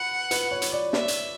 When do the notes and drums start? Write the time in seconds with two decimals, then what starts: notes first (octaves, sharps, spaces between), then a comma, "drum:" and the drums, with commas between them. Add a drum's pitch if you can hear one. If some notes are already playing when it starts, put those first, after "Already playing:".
Already playing: B4 F#5
0.31 B4, drum: hi-hat
0.51 C#5
0.62 drum: hi-hat
0.72 D5
0.93 D5 E5, drum: snare
1.08 drum: hi-hat